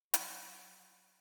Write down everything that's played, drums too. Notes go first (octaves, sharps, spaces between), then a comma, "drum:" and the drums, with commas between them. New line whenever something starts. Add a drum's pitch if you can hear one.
F#3, drum: hi-hat